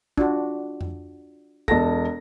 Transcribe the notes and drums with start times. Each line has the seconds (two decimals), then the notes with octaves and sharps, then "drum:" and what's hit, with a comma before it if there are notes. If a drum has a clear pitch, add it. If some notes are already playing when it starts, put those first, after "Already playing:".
0.18 D4 F4 F#4, drum: kick
0.81 drum: tom F2
1.68 E1 A4 A5 A#6, drum: kick